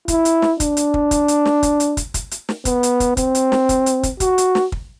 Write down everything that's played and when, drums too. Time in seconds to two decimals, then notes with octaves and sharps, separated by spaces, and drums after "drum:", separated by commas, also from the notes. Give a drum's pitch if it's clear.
0.08 E4, drum: kick, hi-hat
0.25 drum: hi-hat
0.42 drum: snare
0.60 D4, drum: kick, hi-hat
0.77 drum: hi-hat
0.94 drum: kick
1.11 drum: kick, hi-hat
1.28 drum: hi-hat
1.45 drum: snare
1.63 drum: kick, hi-hat
1.80 drum: hi-hat
1.97 drum: kick, hi-hat
2.14 drum: kick, hi-hat
2.31 drum: hi-hat
2.49 drum: snare
2.65 B3, drum: kick, hi-hat
2.83 drum: hi-hat
3.00 drum: kick, hi-hat
3.17 C4, drum: kick, hi-hat
3.35 drum: hi-hat
3.52 drum: snare
3.69 drum: kick, hi-hat
3.86 drum: hi-hat
4.03 drum: kick, hi-hat
4.20 F#4, drum: kick, hi-hat
4.38 drum: hi-hat
4.55 drum: snare
4.72 drum: kick